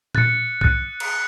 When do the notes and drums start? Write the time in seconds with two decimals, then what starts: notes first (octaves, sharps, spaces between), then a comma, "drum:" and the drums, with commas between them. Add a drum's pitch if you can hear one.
0.15 F#6 A6 C#7, drum: tom A#2
0.61 F#6 A6 C#7, drum: kick B1
1.00 drum: cymbal